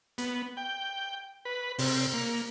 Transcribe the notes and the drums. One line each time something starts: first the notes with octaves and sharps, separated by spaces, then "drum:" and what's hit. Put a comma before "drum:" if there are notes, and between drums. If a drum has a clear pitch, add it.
B3, drum: hi-hat
G5
B4
C3, drum: open hi-hat
A#3